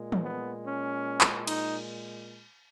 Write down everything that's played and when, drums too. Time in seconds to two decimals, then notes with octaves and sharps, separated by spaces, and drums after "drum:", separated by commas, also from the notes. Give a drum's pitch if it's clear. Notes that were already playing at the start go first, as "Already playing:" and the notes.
Already playing: A#2 G#3
0.12 drum: tom
0.24 B3
0.66 C#4
1.21 drum: clap
1.47 D#4, drum: cymbal